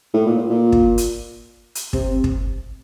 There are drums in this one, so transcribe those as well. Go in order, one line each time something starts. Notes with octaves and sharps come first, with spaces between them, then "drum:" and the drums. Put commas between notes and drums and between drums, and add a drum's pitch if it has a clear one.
A2
A#2
A2
A#2
drum: kick
drum: hi-hat
drum: hi-hat
C3, drum: kick
drum: kick